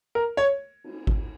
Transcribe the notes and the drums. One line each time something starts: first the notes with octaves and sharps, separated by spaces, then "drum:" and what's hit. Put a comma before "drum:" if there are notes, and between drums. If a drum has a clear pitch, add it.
A#4
C#5
drum: cymbal
drum: kick G#1